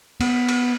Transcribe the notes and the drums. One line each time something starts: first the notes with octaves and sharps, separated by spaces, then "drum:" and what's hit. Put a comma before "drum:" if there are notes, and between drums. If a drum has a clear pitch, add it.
B3, drum: cymbal
drum: cymbal